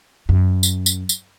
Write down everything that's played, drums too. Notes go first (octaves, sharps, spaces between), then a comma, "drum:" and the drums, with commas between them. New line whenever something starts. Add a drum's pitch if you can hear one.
F#2
drum: tambourine
drum: tambourine
drum: tambourine